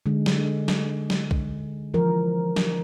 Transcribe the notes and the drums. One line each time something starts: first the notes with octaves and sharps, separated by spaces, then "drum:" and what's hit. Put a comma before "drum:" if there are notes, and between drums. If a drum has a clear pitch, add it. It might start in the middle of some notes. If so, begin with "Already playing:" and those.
D3 G#3
drum: snare
drum: snare
drum: snare
drum: kick B1
E3 F3 A#4
drum: snare